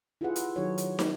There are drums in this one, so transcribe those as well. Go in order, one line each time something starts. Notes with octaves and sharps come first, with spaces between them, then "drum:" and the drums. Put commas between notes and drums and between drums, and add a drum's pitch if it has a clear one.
E4 F4 G4 G#4 B4 F#5
drum: hi-hat
D#3 F#3 D#4 F#4 G#4 C#5
drum: hi-hat
C4, drum: snare